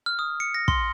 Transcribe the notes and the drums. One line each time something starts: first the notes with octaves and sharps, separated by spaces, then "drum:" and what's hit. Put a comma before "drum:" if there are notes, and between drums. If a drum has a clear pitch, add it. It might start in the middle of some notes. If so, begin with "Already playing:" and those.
F6
D#6
C#7
A#6
C6, drum: kick